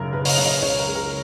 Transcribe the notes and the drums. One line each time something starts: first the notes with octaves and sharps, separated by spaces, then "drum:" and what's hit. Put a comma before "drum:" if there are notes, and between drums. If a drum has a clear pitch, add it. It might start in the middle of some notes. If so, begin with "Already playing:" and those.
Already playing: F#1 F#2 C#3 A#4
F#1 B4
C#5, drum: open hi-hat
D#5
F#2 C#3
D#5
C#2 C#5
A#4
C#3 G#3
A#4